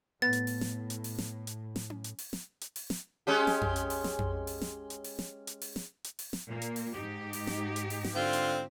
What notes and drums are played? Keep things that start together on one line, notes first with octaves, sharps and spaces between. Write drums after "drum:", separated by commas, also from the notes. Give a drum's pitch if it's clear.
A2 B3 A6
drum: hi-hat
drum: open hi-hat
drum: snare
drum: hi-hat
drum: open hi-hat
drum: snare
drum: hi-hat
drum: snare
drum: tom C#4
drum: hi-hat
drum: open hi-hat
drum: snare
drum: hi-hat
drum: open hi-hat
drum: snare
G#3 C#4 G4
drum: snare
drum: tom F2
drum: hi-hat
drum: open hi-hat
drum: snare
drum: tom F2
drum: open hi-hat
drum: snare
drum: hi-hat
drum: open hi-hat
drum: snare
drum: hi-hat
drum: open hi-hat
drum: snare
drum: hi-hat
drum: open hi-hat
drum: snare
A#2 A#3
drum: hi-hat
drum: open hi-hat
G#2 D#4 G4
drum: open hi-hat
drum: snare
drum: hi-hat
drum: open hi-hat
drum: snare
D3 C4 F4
drum: hi-hat